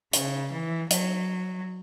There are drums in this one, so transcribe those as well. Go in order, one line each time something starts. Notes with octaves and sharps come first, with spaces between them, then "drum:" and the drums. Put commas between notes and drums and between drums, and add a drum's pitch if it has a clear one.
C#3, drum: hi-hat
E3
F#3, drum: hi-hat